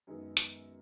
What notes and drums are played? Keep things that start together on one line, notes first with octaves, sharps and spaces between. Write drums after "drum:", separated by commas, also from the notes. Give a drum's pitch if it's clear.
F#2 D#3 G#3 B3 D#4
drum: hi-hat